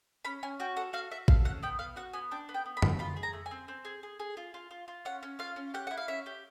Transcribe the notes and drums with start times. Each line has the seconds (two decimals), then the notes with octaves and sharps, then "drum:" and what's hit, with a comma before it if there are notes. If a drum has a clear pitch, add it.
0.25 C#4 B5
0.43 C#4 G#5
0.60 F#4 G5
0.76 A4 F#5
0.93 F#4 F5
1.11 F#4 E5
1.28 A4 F5, drum: kick A1
1.45 C#4 F#5
1.63 B3 G5
1.79 B3 F5
1.96 F#4 F#5
2.13 B3 G#5
2.31 D4 G5
2.49 B3
2.54 G5
2.66 B3
2.77 B5
2.82 B3, drum: tom F2
2.99 F4 B5
3.16 G#4
3.23 A#5
3.33 A3
3.46 G#5
3.51 C4
3.68 C4
3.85 G#4
4.03 G#4
4.20 G#4
4.37 F4
4.54 F4
4.71 F4
4.88 F4
5.05 C#4 F#5
5.23 C#4
5.39 F4 F5
5.56 C#4
5.74 G4 F#5
5.87 E4 F#5
5.97 F5
6.08 C#4 E5
6.26 G4